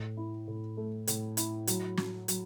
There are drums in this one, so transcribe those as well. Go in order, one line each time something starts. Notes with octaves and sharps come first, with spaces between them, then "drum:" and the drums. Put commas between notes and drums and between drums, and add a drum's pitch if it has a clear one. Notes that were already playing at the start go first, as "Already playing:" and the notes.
Already playing: A2
E4
A2
A3
A2, drum: hi-hat
E4, drum: hi-hat
F#3, drum: hi-hat
F#4, drum: snare
F#3, drum: hi-hat